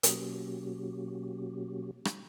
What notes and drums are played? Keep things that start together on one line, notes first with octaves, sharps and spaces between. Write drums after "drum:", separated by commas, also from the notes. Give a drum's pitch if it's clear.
B2 F#3 A#3 C#4 F#4 G4, drum: hi-hat
drum: rim click